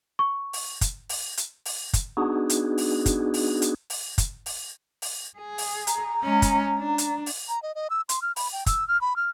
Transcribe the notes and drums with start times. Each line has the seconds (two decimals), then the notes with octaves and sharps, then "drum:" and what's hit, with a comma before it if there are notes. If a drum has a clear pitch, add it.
0.19 C#6
0.53 drum: open hi-hat
0.81 drum: kick, hi-hat
1.09 drum: open hi-hat
1.37 drum: hi-hat
1.65 drum: open hi-hat
1.93 drum: kick, hi-hat
2.17 B3 D4 D#4 F#4 G#4
2.50 drum: hi-hat
2.78 drum: open hi-hat
3.06 drum: kick, hi-hat
3.34 drum: open hi-hat
3.62 drum: hi-hat
3.90 drum: open hi-hat
4.18 drum: kick, hi-hat
4.46 drum: open hi-hat
5.02 drum: open hi-hat
5.38 G#4
5.58 drum: open hi-hat
5.87 A#5, drum: hi-hat
6.23 G#3 C#4
6.42 drum: kick, hi-hat
6.78 D4
6.98 drum: hi-hat
7.26 drum: open hi-hat
7.49 A#5
7.63 D#5
7.75 D#5
7.90 E6
8.09 C6, drum: hi-hat
8.22 F6
8.36 B5, drum: open hi-hat
8.53 G5
8.66 E6, drum: kick, hi-hat
8.88 F6
9.01 B5
9.16 F6